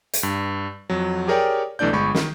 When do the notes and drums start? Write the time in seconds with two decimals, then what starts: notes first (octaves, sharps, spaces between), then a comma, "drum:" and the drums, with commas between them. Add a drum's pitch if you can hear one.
0.13 drum: hi-hat
0.23 G2
0.90 F2 F#3
1.27 G4 G#4 A#4 C#5 D5 G5
1.79 B1 E3 A3 D4 D5 G6
1.93 G1 G#3 B5 C#6
2.15 D#3, drum: snare